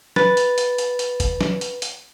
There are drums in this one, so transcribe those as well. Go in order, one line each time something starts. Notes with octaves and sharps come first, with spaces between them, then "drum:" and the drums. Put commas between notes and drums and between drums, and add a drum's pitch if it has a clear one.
B4 A6, drum: snare
drum: hi-hat
drum: hi-hat
drum: hi-hat
drum: hi-hat
drum: kick, hi-hat
drum: snare
drum: hi-hat
drum: hi-hat